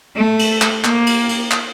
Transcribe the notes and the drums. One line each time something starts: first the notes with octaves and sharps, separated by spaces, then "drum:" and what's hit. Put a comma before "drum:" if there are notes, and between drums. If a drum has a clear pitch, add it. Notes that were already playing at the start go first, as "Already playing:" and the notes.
A3
drum: cymbal
drum: clap
A#3, drum: clap
drum: cymbal
drum: cymbal
drum: clap